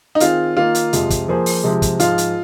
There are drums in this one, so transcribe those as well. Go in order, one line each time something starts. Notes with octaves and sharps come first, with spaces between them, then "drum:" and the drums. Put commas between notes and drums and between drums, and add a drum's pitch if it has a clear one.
D#4
D#3 C4 F4 G#4, drum: hi-hat
D#3 A#3 D#4 F4
drum: hi-hat
F2 C3 F3 G#3, drum: hi-hat
drum: kick, hi-hat
F3 A#3 G#4 C5
drum: open hi-hat
C3 F3 G#3
drum: kick, hi-hat
G#2 F3 G#3 F4, drum: hi-hat
drum: hi-hat